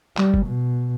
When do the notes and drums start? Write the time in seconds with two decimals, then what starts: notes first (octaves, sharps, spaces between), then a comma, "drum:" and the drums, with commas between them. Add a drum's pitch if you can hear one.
0.17 G3, drum: clap
0.34 drum: kick
0.47 B2